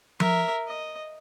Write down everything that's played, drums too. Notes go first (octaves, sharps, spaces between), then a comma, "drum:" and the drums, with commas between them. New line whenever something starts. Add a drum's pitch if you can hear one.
A#4 E5, drum: tom F3
D#5